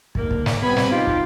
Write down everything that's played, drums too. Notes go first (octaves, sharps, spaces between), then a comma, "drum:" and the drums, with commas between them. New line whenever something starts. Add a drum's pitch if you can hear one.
G#2 D3 A#3, drum: kick
drum: kick
drum: snare
C2 G3 B3 C4 G#5 B5
drum: snare
D#4 F4 G4
drum: kick